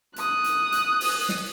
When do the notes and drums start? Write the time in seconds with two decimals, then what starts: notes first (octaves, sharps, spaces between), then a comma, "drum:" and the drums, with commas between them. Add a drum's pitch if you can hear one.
0.16 D#6 F#6, drum: hi-hat
0.44 drum: hi-hat
0.72 drum: hi-hat
1.01 drum: open hi-hat
1.29 drum: snare